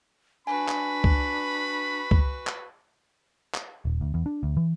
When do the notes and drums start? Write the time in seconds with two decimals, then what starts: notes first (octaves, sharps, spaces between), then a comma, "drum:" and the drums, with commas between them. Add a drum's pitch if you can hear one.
0.47 D4 F#4 B4 G#5 B5
0.68 drum: clap
1.04 drum: kick
2.11 drum: kick
2.47 drum: clap
3.54 drum: clap
3.85 D#1
4.01 D2
4.14 E2
4.26 D4
4.43 D2
4.57 E3